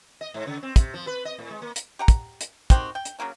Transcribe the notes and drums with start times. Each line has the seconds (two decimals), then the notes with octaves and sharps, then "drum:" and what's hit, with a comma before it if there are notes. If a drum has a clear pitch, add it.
0.21 D#5
0.34 G#2
0.47 C#3
0.63 C4
0.76 C3, drum: kick, hi-hat
0.94 F3
1.07 B4
1.25 D#5
1.38 A2
1.50 G#3
1.62 A#3
1.76 drum: hi-hat
1.99 G4 F#5 A#5
2.08 drum: kick, hi-hat
2.41 drum: hi-hat
2.70 D#3 C4 F#4 G4, drum: kick, hi-hat
2.95 G5
3.05 drum: hi-hat
3.19 C#3 F#3 A#3 C#4